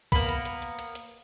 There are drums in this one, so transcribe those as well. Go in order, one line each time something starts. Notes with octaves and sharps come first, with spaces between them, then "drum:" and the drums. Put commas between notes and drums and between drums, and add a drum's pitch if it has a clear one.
A#3 B3 B5, drum: kick B1, hi-hat
drum: hi-hat
drum: hi-hat
drum: hi-hat
drum: hi-hat
drum: hi-hat